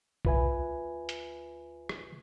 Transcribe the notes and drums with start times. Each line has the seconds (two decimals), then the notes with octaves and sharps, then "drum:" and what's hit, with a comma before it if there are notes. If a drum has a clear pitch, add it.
0.25 D2 F4 B4 E5 G#5, drum: kick
1.09 drum: hi-hat
1.89 drum: rim click